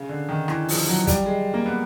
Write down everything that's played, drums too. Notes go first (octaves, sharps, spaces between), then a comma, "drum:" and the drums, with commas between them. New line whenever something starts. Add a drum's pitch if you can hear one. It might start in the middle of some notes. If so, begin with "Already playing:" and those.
Already playing: C#3
D3
D#3
E3, drum: rim click
F3, drum: open hi-hat
F#3
G3, drum: kick, hi-hat
G#3
A#3
B3